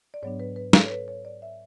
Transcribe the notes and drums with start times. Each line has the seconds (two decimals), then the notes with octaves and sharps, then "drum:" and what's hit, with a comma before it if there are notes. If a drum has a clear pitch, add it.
0.14 D5
0.23 G#2 F#3 B3 D4 C#5
0.40 B4
0.56 B4
0.73 A4, drum: snare
0.86 C#5
0.90 B4
1.08 C#5
1.25 D5
1.42 E5